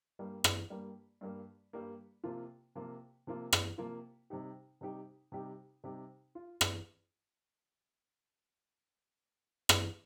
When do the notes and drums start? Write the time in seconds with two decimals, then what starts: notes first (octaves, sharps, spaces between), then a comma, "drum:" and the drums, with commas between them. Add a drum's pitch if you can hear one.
0.19 G2 G3 A#3
0.44 drum: rim click
0.70 G2 G3 A#3
1.21 G2 G3 A#3
1.73 G2 G3 A#3
2.24 C3 F3 A#3 F4
2.75 C3 F3 A#3 F4
3.27 C3 F3 A#3 F4
3.53 drum: rim click
3.78 C3 F3 A#3 F4
4.30 C3 G3 D#4 G4
4.81 C3 G3 D#4 G4
5.32 C3 G3 D#4 G4
5.84 C3 G3 D#4 G4
6.35 F4
6.61 drum: rim click
9.69 drum: rim click